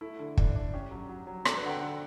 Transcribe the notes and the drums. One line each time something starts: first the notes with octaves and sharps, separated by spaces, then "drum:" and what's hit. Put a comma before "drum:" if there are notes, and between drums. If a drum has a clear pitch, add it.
A3 E4
D3
D4, drum: kick
D4
C#4 G4
F#3
F#3
F#3
D4 A4, drum: rim click
B4
D3 F#5
G5
D3 F#5